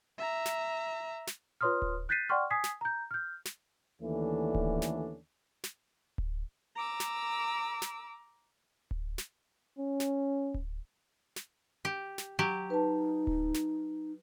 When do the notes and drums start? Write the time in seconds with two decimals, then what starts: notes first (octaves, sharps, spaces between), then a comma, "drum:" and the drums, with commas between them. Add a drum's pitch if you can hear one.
0.18 E5 A#5
0.46 drum: snare
1.27 drum: snare
1.61 F4 B4 C#5 C6 D#6 F6
1.82 drum: kick D1
2.09 F#6 G6 A6 B6 C7 D#7
2.29 D5 F#5 G5 C6 C#6 F6
2.50 G#5 D#6 G#6 B6 C7
2.64 drum: snare
2.81 A#5 G6
3.11 F6 G6
3.45 drum: snare
4.01 D#2 D3 E3 A3 C#4 D4
4.55 drum: kick D1
4.82 drum: snare
5.64 drum: snare
6.18 drum: kick D1
6.75 A#5 D6 E6
7.00 drum: snare
7.82 drum: snare
8.91 drum: kick D1
9.18 drum: snare
9.78 C#4
10.00 drum: snare
10.54 drum: kick D1
11.36 drum: snare
11.85 G4
12.18 drum: snare
12.39 F#3 G4
12.70 D#4 B4 A5
13.27 drum: kick D1
13.54 drum: snare